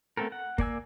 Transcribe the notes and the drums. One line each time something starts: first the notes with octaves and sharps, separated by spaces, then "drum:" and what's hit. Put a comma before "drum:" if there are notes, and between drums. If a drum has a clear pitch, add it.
A3 B3 C4 A4 A#4
F#5
A#3 D5 G#5 E6, drum: kick